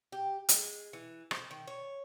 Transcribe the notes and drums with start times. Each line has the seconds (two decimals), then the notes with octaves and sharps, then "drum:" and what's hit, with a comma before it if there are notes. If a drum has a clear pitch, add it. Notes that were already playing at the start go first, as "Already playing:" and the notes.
0.12 G4
0.49 G#3, drum: hi-hat
0.93 E3
1.31 C5, drum: rim click
1.51 D#3
1.67 C#5